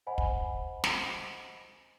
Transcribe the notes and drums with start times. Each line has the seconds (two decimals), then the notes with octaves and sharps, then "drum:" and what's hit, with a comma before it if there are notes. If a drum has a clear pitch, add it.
0.07 C5 D#5 F#5 G#5 B5
0.18 drum: kick
0.84 drum: snare